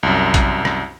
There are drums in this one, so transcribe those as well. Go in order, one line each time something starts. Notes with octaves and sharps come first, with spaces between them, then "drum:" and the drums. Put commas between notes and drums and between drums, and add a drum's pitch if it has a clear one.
C2 F#2
drum: kick A#1, hi-hat
drum: rim click